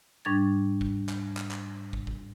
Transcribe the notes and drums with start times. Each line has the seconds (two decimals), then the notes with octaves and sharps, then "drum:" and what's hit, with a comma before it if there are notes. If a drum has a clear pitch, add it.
0.25 G#2 G3 D4 C#6 G#6 A6
0.81 drum: kick
1.09 drum: clap
1.37 drum: clap
1.51 drum: clap
1.93 drum: kick
2.07 drum: kick